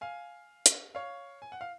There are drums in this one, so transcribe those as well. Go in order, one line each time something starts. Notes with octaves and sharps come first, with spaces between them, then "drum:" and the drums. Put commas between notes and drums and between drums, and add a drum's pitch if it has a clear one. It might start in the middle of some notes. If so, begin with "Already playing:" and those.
F5 G#5
drum: hi-hat
C#5 F5
G#5
F#5
F5